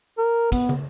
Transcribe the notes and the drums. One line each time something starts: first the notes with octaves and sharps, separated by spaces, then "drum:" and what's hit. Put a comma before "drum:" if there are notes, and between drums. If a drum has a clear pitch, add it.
A#4
B3, drum: kick, hi-hat
drum: tom